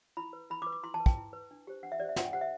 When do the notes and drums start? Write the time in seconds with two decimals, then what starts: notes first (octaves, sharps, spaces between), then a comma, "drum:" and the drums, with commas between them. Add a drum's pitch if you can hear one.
0.17 E4 B5
0.33 B4
0.50 E4 B5
0.62 D6
0.66 B4
0.72 D6
0.83 E4 C6
0.94 A5
1.00 B4
1.06 G5, drum: kick
1.17 E4
1.33 B4
1.51 D4
1.67 G4 C5
1.83 D4 F#5
1.92 E5
2.00 G4 C5 D5
2.09 E5
2.16 D4 F#5, drum: snare
2.25 G5
2.33 G4 C5 F#5
2.41 E5